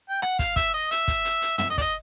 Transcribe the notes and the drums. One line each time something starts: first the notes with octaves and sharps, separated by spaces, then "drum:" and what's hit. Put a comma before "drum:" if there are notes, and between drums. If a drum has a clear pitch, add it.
G5
F#5, drum: rim click
F5, drum: kick, hi-hat
E5, drum: kick, hi-hat
D#5
E5, drum: hi-hat
drum: kick, hi-hat
drum: hi-hat
drum: hi-hat
E5, drum: tom
D#5
D5, drum: kick, hi-hat
D#5